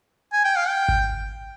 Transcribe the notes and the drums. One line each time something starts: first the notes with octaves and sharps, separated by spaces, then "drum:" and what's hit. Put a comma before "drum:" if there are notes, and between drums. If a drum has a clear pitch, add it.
G#5
G5
F5
G5
drum: kick G#1